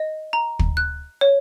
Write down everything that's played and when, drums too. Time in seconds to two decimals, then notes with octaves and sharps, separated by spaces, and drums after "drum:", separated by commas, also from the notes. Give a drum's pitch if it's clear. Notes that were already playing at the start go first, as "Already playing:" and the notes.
Already playing: D#5
0.33 A#5
0.59 drum: kick
0.77 F#6
1.21 C#5